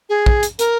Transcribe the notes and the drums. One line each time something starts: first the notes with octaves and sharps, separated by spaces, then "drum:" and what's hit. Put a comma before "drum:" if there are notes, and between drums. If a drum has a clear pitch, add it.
G#4
drum: kick
drum: hi-hat
A#4, drum: hi-hat